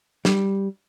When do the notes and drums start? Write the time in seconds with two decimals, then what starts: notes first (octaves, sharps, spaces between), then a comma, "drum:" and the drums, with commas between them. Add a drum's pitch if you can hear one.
0.25 G3, drum: snare